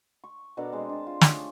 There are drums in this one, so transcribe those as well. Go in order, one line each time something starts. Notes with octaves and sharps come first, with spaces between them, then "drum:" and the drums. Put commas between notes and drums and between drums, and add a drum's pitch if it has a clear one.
C#6
B2 D4 A4 A#4
G#3 C4
D4 A5
F4
G4 C#5 G#5 A5, drum: snare